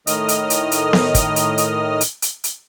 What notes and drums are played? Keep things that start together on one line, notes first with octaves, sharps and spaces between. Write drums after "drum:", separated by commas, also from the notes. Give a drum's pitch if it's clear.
A2 D#3 D#5 D#6 F6, drum: hi-hat
drum: hi-hat
drum: hi-hat
drum: hi-hat
drum: snare B3
drum: kick, hi-hat
drum: hi-hat
drum: hi-hat
drum: hi-hat
drum: hi-hat
drum: hi-hat